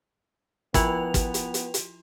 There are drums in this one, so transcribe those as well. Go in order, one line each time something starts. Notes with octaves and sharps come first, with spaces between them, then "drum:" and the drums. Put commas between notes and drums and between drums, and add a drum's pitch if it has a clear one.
F3 B3 E4 F4 B4 G5 F7, drum: kick, hi-hat
drum: kick, hi-hat
drum: hi-hat
drum: hi-hat
drum: hi-hat